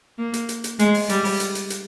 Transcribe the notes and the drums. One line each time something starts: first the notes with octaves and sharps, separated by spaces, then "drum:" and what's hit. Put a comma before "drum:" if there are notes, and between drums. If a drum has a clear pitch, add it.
A#3
drum: hi-hat
drum: hi-hat
drum: hi-hat
G#3, drum: hi-hat
drum: open hi-hat
G3, drum: hi-hat
drum: open hi-hat
drum: hi-hat
drum: hi-hat
drum: hi-hat